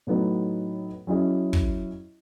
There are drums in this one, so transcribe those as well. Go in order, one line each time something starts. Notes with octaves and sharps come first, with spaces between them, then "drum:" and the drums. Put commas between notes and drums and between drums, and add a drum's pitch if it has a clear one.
A2 F#3 B3 D#4
F#3 C#4 E4 G#4 D#5
drum: kick